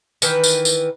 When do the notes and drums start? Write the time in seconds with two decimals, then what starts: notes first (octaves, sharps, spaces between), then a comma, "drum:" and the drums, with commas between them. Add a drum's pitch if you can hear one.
0.22 D#3 E3 B4, drum: tambourine
0.44 drum: tambourine
0.65 drum: tambourine